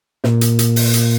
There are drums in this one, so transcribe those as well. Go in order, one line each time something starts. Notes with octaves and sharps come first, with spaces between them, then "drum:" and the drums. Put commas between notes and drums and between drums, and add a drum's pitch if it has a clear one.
A#2, drum: snare
drum: hi-hat
drum: hi-hat
drum: open hi-hat
drum: hi-hat